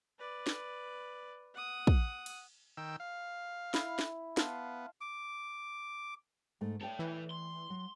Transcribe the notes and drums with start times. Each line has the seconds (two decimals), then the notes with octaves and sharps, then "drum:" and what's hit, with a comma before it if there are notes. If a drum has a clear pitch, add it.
0.19 B4 D5
0.47 drum: snare
1.54 F#5 D#6
1.87 drum: kick
2.26 drum: cymbal
2.77 D#3 G5 E6
3.00 F5
3.74 E4, drum: snare
3.99 drum: snare
4.37 B3 F5 A5 C6, drum: snare
5.01 D6
6.61 G#2 A3
6.81 A4 C#5 D5 G5 A5
6.99 E3
7.31 C6
7.70 F#3